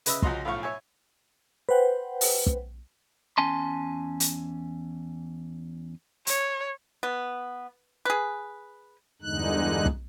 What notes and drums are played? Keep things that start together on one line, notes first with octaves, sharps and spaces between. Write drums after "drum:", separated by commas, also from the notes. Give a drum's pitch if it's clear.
C#3 B4 D#5 E5 D#6 E6, drum: hi-hat
C#2 F3 F#4 D#5 A#5 C6, drum: kick
B1 A2 F3 F5 C#6
C#5 E5 G#5
B4 C5 F#5 G5
drum: open hi-hat
drum: kick
E2 C#4 G#5 A5 C6
drum: hi-hat
C#5, drum: hi-hat
B3
G#4 B4
E2 G2 D3 G#3 D#4 F#6
drum: kick